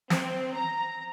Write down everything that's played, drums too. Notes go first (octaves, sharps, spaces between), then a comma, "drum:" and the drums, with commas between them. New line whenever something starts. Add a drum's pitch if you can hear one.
C4, drum: snare
A#5